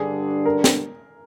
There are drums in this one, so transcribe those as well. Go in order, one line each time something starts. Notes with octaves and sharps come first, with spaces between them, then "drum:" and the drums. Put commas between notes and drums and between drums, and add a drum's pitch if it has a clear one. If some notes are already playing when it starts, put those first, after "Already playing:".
Already playing: G2 D3 G3 D4 G#4
A#4
drum: snare